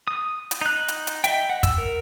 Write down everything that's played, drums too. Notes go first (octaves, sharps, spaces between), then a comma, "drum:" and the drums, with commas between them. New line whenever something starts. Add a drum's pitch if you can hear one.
D#6
drum: hi-hat
D#4 F#6
drum: hi-hat
drum: hi-hat
D#5 E5 G5, drum: hi-hat
F#5
E6, drum: kick, hi-hat
A#4